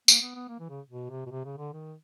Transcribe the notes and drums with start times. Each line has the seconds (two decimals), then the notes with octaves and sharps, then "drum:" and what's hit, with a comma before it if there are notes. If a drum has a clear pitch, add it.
0.08 A#3, drum: tambourine
0.22 B3
0.35 B3
0.49 A#3
0.60 E3
0.70 C#3
0.90 B2
1.10 C3
1.26 B2
1.31 C3
1.45 C#3
1.58 D3
1.73 D#3